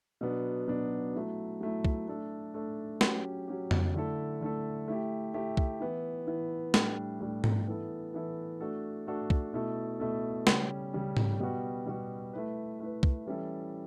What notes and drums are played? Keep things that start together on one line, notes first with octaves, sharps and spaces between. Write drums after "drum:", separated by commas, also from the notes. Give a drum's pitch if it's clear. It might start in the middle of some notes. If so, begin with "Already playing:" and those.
B2 F#3 B3 D4
B2 F#3 B3 D4
F#3 A3 E4
F#3 A3 E4
drum: kick
A3 D4 A4
A3 D4 A4
F#3 C#4 G4, drum: snare
F#3 C#4 G4
drum: tom F2
D3 A3 E4 A4
D3 A3 E4 A4
A3 E4 G4
A3 E4 G4
drum: kick
E3 B3 E4
E3 B3 E4
A2 G3 D4, drum: snare
A2 G3 D4
drum: tom G#2
E3 B3 E4 A4
E3 B3 E4 A4
A3 D4 F#4 A4
A3 D4 F#4 A4
drum: kick
B2 A3 E4 A4
B2 A3 E4 A4
C#3 G3 C#4, drum: snare
C#3 G3 C#4
drum: tom G#2
B2 G3 B3 F#4
B2 G3 B3 F#4
A3 E4 B4
A3 E4 B4
drum: kick
E3 G3 C#4 E4 A4